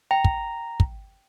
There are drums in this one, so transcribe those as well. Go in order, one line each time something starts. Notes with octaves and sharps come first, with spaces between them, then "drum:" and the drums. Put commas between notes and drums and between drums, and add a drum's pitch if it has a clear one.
G5 A#5
drum: kick
drum: kick